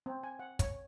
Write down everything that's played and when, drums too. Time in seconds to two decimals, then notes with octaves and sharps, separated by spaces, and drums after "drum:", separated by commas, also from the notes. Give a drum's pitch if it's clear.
0.06 C4
0.23 G#5
0.39 F#5
0.59 C#5, drum: kick, hi-hat